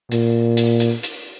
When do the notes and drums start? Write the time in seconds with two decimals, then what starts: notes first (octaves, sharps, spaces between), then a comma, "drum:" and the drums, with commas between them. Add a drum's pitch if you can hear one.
0.11 A#2, drum: hi-hat
0.57 drum: hi-hat
0.80 drum: hi-hat
1.03 drum: hi-hat